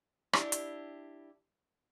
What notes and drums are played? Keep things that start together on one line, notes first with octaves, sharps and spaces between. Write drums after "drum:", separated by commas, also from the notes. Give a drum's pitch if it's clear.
D4 E4 G4, drum: rim click
drum: hi-hat